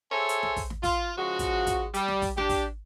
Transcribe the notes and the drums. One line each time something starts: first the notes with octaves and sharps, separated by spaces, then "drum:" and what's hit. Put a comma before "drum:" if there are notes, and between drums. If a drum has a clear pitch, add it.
G#4 A4 C5 C#5 E5 G#5
drum: hi-hat
drum: snare
drum: kick, open hi-hat
drum: snare
F4, drum: kick, open hi-hat
C#3 F3 G#3 F#4
drum: kick, hi-hat
drum: kick, hi-hat
G3, drum: hi-hat
drum: snare
drum: kick, open hi-hat
D4 G4, drum: snare
drum: kick, open hi-hat